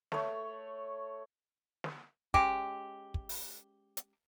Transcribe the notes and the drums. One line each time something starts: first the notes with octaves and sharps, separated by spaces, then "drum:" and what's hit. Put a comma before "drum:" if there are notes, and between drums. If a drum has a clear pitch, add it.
A3 C#5, drum: snare
drum: snare
G#3 C#4 G4, drum: kick
drum: kick
drum: open hi-hat
drum: hi-hat